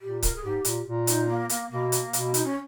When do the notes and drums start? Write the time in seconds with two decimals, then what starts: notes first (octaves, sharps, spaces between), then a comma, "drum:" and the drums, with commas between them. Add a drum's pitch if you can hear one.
0.01 A#2 G4
0.22 A#4, drum: kick C#1, hi-hat
0.36 G#4
0.43 G#2 G4
0.65 A#2, drum: hi-hat
0.87 A#2
1.07 D#4, drum: hi-hat
1.28 A#3
1.49 A#3, drum: hi-hat
1.71 B2 A#3
1.92 drum: hi-hat
2.13 B2, drum: hi-hat
2.34 D#4, drum: hi-hat
2.44 C#4